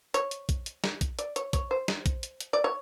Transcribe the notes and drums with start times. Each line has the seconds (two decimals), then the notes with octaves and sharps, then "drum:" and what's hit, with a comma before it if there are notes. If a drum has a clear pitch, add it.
0.14 C#5, drum: hi-hat
0.31 drum: hi-hat
0.49 drum: kick, hi-hat
0.66 drum: hi-hat
0.84 drum: snare
1.01 drum: kick, hi-hat
1.19 D5, drum: hi-hat
1.36 C#5, drum: hi-hat
1.53 C#5, drum: kick, hi-hat
1.71 C5
1.88 drum: snare
2.06 drum: kick, hi-hat
2.23 drum: hi-hat
2.41 drum: hi-hat
2.53 D5
2.64 C#5